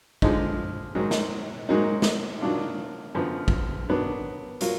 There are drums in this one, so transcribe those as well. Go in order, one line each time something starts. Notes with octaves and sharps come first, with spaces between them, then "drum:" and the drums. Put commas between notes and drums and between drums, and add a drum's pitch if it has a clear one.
D3 F3 G#3 D#4, drum: kick
G#2 D#3 F#3
drum: snare
G#2 F#3 A#3 D#4
drum: snare
D#3 F#3 D4 F4
F#2 D3 F3 B3
drum: kick
D#3 F#3 B3 D4
F#3 A#3 F4, drum: hi-hat